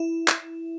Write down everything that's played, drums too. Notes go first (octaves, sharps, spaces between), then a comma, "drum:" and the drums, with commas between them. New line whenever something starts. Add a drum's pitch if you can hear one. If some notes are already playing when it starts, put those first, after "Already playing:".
Already playing: E4
drum: clap